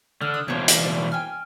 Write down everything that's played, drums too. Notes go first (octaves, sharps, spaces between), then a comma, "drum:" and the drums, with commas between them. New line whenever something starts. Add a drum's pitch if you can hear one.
D3 F6
D#6
E2 B2 A#3 C5 C#5
drum: hi-hat
C5 D5
G5 G#5 F6